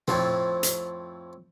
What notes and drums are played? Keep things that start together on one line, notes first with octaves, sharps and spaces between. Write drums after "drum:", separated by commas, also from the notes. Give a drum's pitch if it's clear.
F2 A2 F3 C4, drum: tom A#2
drum: hi-hat